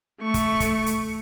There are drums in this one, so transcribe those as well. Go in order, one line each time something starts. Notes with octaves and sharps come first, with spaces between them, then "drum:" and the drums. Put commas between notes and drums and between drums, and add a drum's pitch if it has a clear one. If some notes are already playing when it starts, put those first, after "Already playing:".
A3 C#6
drum: kick, hi-hat
drum: kick, hi-hat
drum: hi-hat